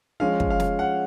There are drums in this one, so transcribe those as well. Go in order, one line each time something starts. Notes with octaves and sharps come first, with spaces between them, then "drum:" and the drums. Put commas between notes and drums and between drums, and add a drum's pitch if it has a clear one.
F3 G#3 C#4 F5
drum: kick
F5
drum: snare
F#5